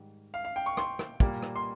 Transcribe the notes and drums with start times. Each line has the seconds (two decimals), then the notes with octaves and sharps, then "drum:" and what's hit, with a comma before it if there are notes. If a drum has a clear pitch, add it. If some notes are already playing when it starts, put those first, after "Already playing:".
Already playing: G#2 D#3 G3
0.34 F5
0.45 F5
0.56 G5
0.66 C#6
0.77 C6, drum: rim click
0.99 drum: rim click
1.20 A#2 G3 A#3, drum: kick
1.43 drum: rim click
1.56 C6